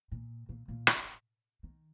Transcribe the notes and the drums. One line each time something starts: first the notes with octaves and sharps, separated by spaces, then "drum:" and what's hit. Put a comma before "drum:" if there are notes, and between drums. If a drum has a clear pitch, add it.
A#2
A#2
A#2
drum: rim click
D#3